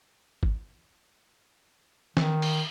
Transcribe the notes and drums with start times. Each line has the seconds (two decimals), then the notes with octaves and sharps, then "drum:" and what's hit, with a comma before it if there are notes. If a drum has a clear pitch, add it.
0.43 drum: kick G#1
2.17 D#3, drum: snare
2.42 drum: cymbal